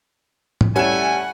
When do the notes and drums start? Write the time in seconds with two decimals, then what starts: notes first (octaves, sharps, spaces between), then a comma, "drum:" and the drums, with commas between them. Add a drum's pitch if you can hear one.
0.61 drum: tom
0.76 G3 A3 C#4 E4 F#5 G#5 E7